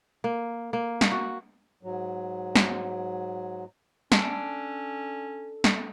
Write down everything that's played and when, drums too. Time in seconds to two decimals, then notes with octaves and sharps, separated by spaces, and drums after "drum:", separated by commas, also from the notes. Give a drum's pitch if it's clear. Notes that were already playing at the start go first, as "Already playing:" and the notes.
0.24 A#3
0.73 A#3
1.01 drum: snare
1.12 F#4
1.83 G#2 F#3
2.56 drum: snare
4.12 C#4 D4 A4, drum: snare
5.64 drum: snare